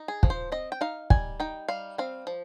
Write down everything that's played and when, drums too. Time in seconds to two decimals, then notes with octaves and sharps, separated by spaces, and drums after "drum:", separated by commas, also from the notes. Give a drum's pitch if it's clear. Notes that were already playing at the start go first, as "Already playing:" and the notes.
Already playing: D#4
0.08 G#4
0.23 F3, drum: kick
0.30 C5
0.52 C4 D#5
0.72 G5
0.81 D#4 F5
1.10 G3 G#5, drum: kick
1.40 D#4 G5
1.68 G3 F5
1.98 C4 F5
2.27 F3